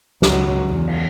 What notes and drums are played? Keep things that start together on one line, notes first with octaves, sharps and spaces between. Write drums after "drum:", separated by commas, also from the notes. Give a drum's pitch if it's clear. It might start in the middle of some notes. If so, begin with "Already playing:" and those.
C#2 F#3, drum: snare
E2
drum: cymbal